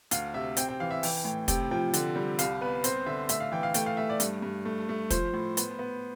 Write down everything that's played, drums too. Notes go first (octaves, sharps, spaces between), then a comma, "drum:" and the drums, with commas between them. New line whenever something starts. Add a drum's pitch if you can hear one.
D2 F5, drum: hi-hat
C3 E5
C4 G5, drum: hi-hat
G5
E3 F5
E5
E3 G5, drum: open hi-hat
A2 G5
C3 G5, drum: kick, hi-hat
F3 G5
D3, drum: hi-hat
G3
C2 F5, drum: hi-hat
B3 B4
C4 C5, drum: hi-hat
D3 E5
A3 E5, drum: hi-hat
F5
E3 G5
F5
A3 G5, drum: hi-hat
F5
A3 E5
D5
G2, drum: hi-hat
G2
A3
A3
F3 C5, drum: kick, hi-hat
A2
B3, drum: hi-hat
B3